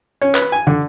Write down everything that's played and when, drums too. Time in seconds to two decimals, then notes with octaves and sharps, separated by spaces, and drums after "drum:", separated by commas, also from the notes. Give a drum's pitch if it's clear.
0.21 C#4
0.35 B4, drum: clap
0.52 G#5
0.67 D3